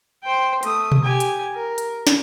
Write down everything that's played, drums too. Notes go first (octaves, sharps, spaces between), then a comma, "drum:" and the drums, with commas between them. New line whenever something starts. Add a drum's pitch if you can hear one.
C5 G5
A3 D#6, drum: hi-hat
drum: tom B2
G4 G#5
drum: hi-hat
A#4
drum: hi-hat
drum: snare